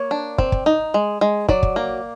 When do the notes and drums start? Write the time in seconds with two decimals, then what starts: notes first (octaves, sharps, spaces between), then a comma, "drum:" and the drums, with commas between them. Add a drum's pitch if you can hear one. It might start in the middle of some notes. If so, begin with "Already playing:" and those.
Already playing: A#3 C#5
0.11 D4
0.38 C4, drum: kick
0.52 drum: kick
0.66 D#4
0.94 G#3
1.21 G#3
1.49 F#3 D5, drum: kick
1.63 drum: kick
1.76 A#3